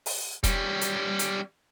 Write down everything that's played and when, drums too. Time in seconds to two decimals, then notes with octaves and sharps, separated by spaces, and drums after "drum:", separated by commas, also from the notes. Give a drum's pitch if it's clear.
0.06 drum: open hi-hat
0.44 G3 C#4, drum: kick E1, hi-hat
0.81 drum: hi-hat
1.19 drum: hi-hat